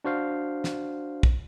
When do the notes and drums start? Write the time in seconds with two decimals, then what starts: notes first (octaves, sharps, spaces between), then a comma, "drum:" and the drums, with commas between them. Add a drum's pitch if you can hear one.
0.04 D4 F#4 C5 F5
0.64 drum: snare
1.23 drum: kick